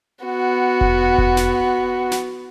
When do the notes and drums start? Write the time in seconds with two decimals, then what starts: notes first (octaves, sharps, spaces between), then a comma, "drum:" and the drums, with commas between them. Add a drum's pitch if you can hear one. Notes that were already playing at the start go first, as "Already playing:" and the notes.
0.25 B3 F#4
0.81 drum: kick F1
1.18 drum: kick F1
1.37 drum: snare
2.12 drum: snare